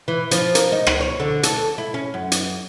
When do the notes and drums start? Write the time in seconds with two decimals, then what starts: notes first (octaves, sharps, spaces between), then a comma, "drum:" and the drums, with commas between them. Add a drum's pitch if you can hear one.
0.08 E3
0.31 F3, drum: hi-hat
0.55 A#4, drum: hi-hat
0.72 D#4
0.87 drum: rim click
1.01 C#5
1.20 D3
1.43 A4, drum: hi-hat
1.78 E4
1.94 C#4
2.14 F#2
2.32 drum: hi-hat